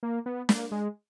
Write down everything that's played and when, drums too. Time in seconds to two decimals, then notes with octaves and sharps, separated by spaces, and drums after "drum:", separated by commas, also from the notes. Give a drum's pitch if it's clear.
0.03 A#3
0.26 B3
0.49 A#3, drum: snare
0.72 G#3